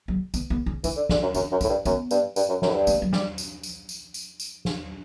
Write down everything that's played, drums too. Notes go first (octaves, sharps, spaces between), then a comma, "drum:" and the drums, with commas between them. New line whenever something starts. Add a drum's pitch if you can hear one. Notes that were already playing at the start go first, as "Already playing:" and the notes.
F#3
B3, drum: tambourine
B3
C#4
E3 D4, drum: tambourine
D3
D3 C#4, drum: snare
F#2
F#2 D4, drum: tambourine
F#2
C#4, drum: tambourine
A2
G2
F#2 B3, drum: tambourine
G2, drum: tambourine
G2, drum: tambourine
F#2
F#2, drum: snare
A2
G2
A3, drum: tambourine
F#3
G3, drum: snare
drum: tambourine
drum: tambourine
drum: tambourine
drum: tambourine
drum: tambourine
drum: snare